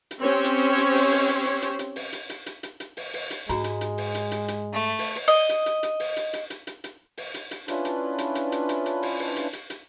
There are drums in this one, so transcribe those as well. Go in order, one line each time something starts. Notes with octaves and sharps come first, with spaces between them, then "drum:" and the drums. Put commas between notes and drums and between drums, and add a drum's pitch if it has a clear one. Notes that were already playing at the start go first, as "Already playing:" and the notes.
drum: hi-hat
C4 C#4 G4 C5 C#5
drum: hi-hat
drum: hi-hat
drum: open hi-hat
drum: open hi-hat
drum: hi-hat
drum: hi-hat
drum: hi-hat
drum: hi-hat
drum: open hi-hat
drum: hi-hat
drum: hi-hat
drum: hi-hat
drum: hi-hat
drum: hi-hat
drum: open hi-hat
drum: open hi-hat
drum: hi-hat
G#2 G#3 F#4 A#5, drum: hi-hat
drum: hi-hat
drum: hi-hat
drum: open hi-hat
drum: hi-hat
drum: hi-hat
drum: hi-hat
A3
drum: open hi-hat
drum: open hi-hat
D#5
drum: hi-hat
drum: hi-hat
drum: hi-hat
drum: open hi-hat
drum: hi-hat
drum: hi-hat
drum: hi-hat
drum: hi-hat
drum: hi-hat
drum: open hi-hat
drum: hi-hat
drum: hi-hat
C#4 D4 E4 F4 B4, drum: hi-hat
drum: hi-hat
drum: hi-hat
drum: hi-hat
drum: hi-hat
drum: hi-hat
drum: hi-hat
drum: open hi-hat
drum: open hi-hat
drum: hi-hat
drum: hi-hat
drum: hi-hat